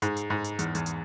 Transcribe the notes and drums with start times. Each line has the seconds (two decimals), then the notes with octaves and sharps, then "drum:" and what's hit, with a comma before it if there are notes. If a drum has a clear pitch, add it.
0.02 G#2, drum: hi-hat
0.17 drum: hi-hat
0.30 G#2
0.44 drum: hi-hat
0.59 E2, drum: hi-hat
0.75 E2, drum: hi-hat
0.86 drum: hi-hat